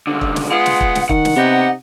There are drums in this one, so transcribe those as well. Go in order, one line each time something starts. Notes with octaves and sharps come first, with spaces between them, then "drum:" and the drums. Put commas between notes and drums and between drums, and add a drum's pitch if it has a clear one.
C2 D3
drum: kick
drum: snare
G#3 B3 F4 F#5
drum: snare
drum: kick
drum: snare
D#3 F#5, drum: kick
drum: snare
C3 B3 D#4 G4